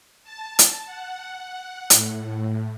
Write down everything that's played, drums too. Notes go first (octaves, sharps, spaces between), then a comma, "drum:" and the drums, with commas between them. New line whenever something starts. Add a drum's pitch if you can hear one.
A5
drum: hi-hat
F#5
A2, drum: hi-hat